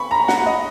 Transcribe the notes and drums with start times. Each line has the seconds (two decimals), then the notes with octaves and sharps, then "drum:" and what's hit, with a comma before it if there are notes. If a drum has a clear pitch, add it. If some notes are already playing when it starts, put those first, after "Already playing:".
Already playing: B5 C#6
0.11 A#5
0.28 F#5, drum: snare
0.46 D#5